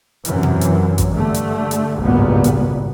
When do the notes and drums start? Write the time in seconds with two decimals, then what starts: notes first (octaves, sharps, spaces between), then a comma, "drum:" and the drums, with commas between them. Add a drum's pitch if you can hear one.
0.25 F#2 C3 E3, drum: hi-hat
0.43 drum: tom B2
0.61 drum: hi-hat
0.98 drum: kick A1, hi-hat
1.12 G2 D3 A3
1.34 drum: hi-hat
1.71 drum: hi-hat
1.99 G#1 C#2 G2 A#2 B3
2.44 drum: hi-hat